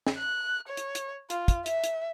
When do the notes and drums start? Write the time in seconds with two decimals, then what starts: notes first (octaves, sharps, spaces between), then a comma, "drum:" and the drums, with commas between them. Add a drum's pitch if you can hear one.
0.07 drum: snare
0.17 F#6
0.68 C#5
0.77 drum: hi-hat
0.95 drum: hi-hat
1.30 F4, drum: hi-hat
1.48 drum: kick, hi-hat
1.66 E5, drum: hi-hat
1.84 drum: hi-hat